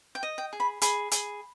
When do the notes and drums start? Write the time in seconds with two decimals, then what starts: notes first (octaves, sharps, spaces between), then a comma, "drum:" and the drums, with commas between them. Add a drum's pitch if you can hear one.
0.15 G5
0.23 D#5
0.38 G5
0.53 G#4
0.60 B5
0.82 G#4 B5, drum: hi-hat
1.12 G#4, drum: hi-hat